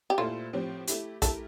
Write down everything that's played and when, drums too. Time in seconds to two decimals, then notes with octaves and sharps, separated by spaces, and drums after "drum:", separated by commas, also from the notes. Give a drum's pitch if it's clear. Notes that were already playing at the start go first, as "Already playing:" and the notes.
0.10 G4
0.18 A#2 A3 E4 F4 A4 C5
0.53 A2 F3 C4 G4 C5
0.88 A3 E4 G4, drum: hi-hat
1.22 A3 E4 G4 A4 A#4, drum: kick, hi-hat